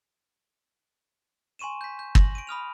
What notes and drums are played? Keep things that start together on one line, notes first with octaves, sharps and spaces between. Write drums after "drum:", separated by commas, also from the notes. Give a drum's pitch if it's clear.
G#5 C6 C#6 D#7 E7
G6 B6
G6
A#6 F#7, drum: kick
D7 D#7
B5 D#6 F6 F7